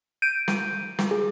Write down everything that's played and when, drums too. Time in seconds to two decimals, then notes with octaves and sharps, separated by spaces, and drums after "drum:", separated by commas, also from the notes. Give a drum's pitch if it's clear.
0.22 G6 D7 D#7
0.48 drum: snare
0.99 drum: snare
1.11 G#4